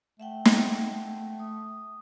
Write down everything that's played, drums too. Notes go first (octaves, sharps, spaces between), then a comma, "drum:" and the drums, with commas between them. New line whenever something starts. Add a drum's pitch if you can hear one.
A3 E5 F#5 G5
drum: snare
D#6